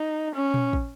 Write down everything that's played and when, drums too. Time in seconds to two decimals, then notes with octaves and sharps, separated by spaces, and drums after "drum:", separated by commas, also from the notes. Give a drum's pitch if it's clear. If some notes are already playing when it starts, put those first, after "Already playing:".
Already playing: D#4
0.35 C#4
0.54 drum: tom A#2
0.73 drum: kick